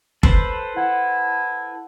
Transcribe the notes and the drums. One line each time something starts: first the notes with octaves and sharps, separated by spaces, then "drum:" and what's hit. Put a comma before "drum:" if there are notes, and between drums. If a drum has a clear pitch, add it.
A4 B4 C5, drum: kick G1
E4 F#5